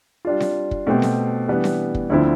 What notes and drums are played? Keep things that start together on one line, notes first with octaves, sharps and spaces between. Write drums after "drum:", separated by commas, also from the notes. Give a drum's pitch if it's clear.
G3 D4 F4
drum: snare C4
drum: kick
B2 A3 C4 G4 C5
drum: snare C4
E3 G3 B3 D4
drum: snare C4
drum: kick
D2 D3 F3 C4 E4